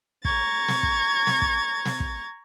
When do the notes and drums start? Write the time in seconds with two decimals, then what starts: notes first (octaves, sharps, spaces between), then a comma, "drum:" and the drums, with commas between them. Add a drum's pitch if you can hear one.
0.25 A#5 C#6 G#6 A6, drum: kick
0.69 drum: snare
0.83 drum: kick
1.27 drum: snare
1.42 drum: kick
1.86 drum: snare
2.00 drum: kick